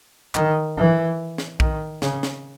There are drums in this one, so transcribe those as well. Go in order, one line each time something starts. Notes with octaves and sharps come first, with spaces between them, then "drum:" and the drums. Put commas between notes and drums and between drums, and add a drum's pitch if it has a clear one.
D#3, drum: clap
E3
drum: snare
D#3, drum: kick
C#3, drum: snare
drum: snare